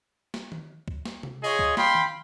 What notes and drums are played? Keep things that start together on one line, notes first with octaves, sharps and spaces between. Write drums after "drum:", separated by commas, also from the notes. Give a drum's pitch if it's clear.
drum: snare
drum: tom D#3
drum: kick
drum: snare
drum: tom C3
F4 G#4 C#5 D#5
drum: kick
F5 G5 B5 C6, drum: snare
drum: tom D#3